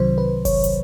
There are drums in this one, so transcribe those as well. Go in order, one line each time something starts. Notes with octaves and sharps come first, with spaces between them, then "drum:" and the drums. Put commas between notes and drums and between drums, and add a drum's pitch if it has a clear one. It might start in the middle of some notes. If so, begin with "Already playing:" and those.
Already playing: C2 C3 D#3 F#3 C5
B4
C#5, drum: kick G1, open hi-hat
drum: hi-hat